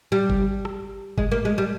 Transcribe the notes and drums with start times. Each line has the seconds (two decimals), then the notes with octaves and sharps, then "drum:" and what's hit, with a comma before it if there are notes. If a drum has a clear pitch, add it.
0.12 G3
0.30 drum: kick G1
0.65 drum: rim click
1.18 G#3, drum: kick G1
1.31 A#3
1.45 G#3
1.58 G3